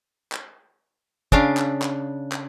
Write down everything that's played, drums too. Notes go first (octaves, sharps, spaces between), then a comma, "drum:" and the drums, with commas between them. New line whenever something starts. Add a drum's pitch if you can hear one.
drum: clap
C#3 D4 F5, drum: kick
drum: clap
drum: clap
drum: clap